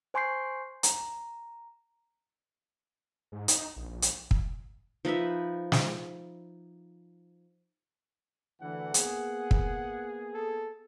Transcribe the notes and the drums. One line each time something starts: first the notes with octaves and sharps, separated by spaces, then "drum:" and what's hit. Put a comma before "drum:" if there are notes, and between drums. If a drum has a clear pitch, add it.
C5 G#5 C6 C#6 G6 C7
A#5, drum: hi-hat
G#2
D#4, drum: hi-hat
A#1
drum: hi-hat
drum: kick
F3 D#4 B4 E5
drum: snare
D2 D3 E3 F#5
A#3 B3 G#4, drum: hi-hat
drum: kick
A4